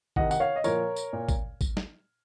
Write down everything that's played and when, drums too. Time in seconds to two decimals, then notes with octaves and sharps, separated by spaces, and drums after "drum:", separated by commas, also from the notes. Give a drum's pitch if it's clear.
0.16 C3 D#3 D#5 F#5, drum: kick
0.31 F#5, drum: tambourine
0.40 C#5 F5
0.56 D#5
0.64 A#2 F3 A#4 C#5, drum: tambourine
0.96 drum: tambourine
1.13 A#2
1.29 drum: kick, tambourine
1.61 drum: kick, tambourine
1.77 drum: snare